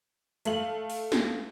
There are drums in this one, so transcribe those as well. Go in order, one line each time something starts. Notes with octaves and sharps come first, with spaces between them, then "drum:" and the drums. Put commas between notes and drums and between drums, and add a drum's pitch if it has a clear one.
A3 F5 F#7, drum: hi-hat
drum: open hi-hat
drum: snare